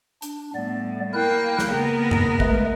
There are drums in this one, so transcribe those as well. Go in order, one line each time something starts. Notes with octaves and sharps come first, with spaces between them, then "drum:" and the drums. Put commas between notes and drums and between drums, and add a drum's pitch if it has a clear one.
D4, drum: hi-hat
A2 G3 B3 D5
A#3 E4 A#4 G5 F#6
drum: snare
C#3 A#3 B3 A#4
drum: tom F#2
G#3 A3 B4, drum: kick